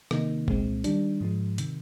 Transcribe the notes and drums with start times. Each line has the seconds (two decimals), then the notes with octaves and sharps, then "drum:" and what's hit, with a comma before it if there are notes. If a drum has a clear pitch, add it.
0.11 C3 D#3 A#3 D#4, drum: rim click
0.48 C2 A#2 G#3 C4, drum: kick
0.84 D#3 G3 D4, drum: hi-hat
1.21 G#2 F3 G#3
1.58 C3 D#3, drum: hi-hat